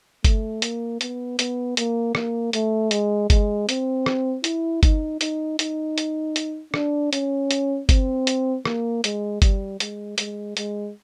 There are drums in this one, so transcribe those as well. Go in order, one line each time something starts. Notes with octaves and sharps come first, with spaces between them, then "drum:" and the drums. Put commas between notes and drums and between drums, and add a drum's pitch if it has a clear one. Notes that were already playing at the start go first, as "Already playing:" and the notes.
A3, drum: kick G1, hi-hat
A#3, drum: hi-hat
B3, drum: hi-hat
B3, drum: hi-hat
A#3, drum: hi-hat
A#3, drum: rim click
A3, drum: hi-hat
G#3, drum: hi-hat
G#3, drum: kick G1, hi-hat
C4, drum: hi-hat
drum: rim click
E4, drum: hi-hat
D#4, drum: kick G1, hi-hat
D#4, drum: hi-hat
D#4, drum: hi-hat
drum: hi-hat
drum: hi-hat
D4, drum: rim click
C#4, drum: hi-hat
drum: hi-hat
C4, drum: kick G1, hi-hat
drum: hi-hat
A#3, drum: rim click
G#3, drum: hi-hat
G3, drum: kick G1, hi-hat
G#3, drum: hi-hat
G#3, drum: hi-hat
G#3, drum: hi-hat